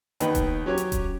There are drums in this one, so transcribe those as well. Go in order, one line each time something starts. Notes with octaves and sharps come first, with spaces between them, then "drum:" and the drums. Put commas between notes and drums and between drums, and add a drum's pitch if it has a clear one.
D#2 B3 D#4 B4 B5, drum: hi-hat
drum: kick D#1, hi-hat
F#3 C#4 G4 C#5
drum: hi-hat
drum: kick D#1, hi-hat